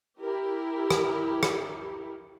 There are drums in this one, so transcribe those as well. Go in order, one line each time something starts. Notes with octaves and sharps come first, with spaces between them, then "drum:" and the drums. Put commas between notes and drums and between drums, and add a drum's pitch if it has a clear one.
E4 G4 A#4
drum: rim click
drum: rim click